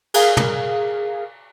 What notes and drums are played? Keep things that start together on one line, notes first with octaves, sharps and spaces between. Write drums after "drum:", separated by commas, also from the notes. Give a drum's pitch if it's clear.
G#4 A#4 F5, drum: cymbal
drum: tom